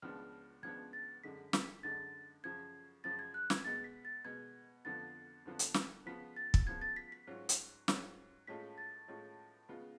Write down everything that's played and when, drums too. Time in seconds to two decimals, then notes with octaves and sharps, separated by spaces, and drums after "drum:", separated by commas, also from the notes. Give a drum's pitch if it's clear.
0.02 C#2 C#3 F3 B3 D4 F6
0.63 C#2 C#3 F3 B3 D4 G#6
0.93 A6
1.24 F#2 D3 G#3 B6
1.53 B6, drum: snare
1.83 F#2 D3 G#3 A6
2.44 F#2 C#3 F3 G#6
3.04 F#2 C#3 F3 A6
3.19 G#6
3.34 F#6
3.50 G#6, drum: snare
3.65 B2 G#3 B3 A6
3.84 B6
4.05 A6
4.24 B2 G#3 B3 G#6
4.85 F2 D3 F3 B3 F4 A6
5.46 F2 D3 F3 B3 F4
5.59 drum: hi-hat
5.74 drum: snare
6.06 C#3 F3 B3 F4 B6
6.36 A6
6.54 drum: kick
6.66 C#3 F3 B3 F4 G#6
6.81 A6
6.96 B6
7.12 B6
7.27 G#2 F#3 C#4 F4
7.49 drum: hi-hat
7.88 G#2 F#3 C#4 F4, drum: snare
8.47 A2 G#3 C#4 F4 B6
8.78 A6
9.08 A2 G#3 C#4 F4
9.69 C#3 G#3 B3 F4